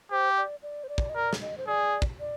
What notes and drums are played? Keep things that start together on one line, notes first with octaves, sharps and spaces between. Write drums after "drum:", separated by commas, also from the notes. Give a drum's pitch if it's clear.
G4 C5
D5
D5
C5
D5
drum: kick
D#5
A#4 D5
drum: snare
D#5
C5
G#4 D5
drum: kick
D5